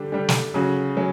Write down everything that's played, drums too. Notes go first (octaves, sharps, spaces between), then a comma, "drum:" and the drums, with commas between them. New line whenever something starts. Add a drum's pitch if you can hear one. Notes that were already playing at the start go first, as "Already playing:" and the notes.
Already playing: D3 G3 D4 G4
D3 G3 D4 G4
drum: snare
C#3 F#3 C#4 F#4
F#3 C#4